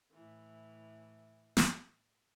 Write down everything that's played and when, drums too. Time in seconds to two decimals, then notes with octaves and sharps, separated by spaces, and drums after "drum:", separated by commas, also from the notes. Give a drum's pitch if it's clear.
0.11 A2 E3
1.57 drum: snare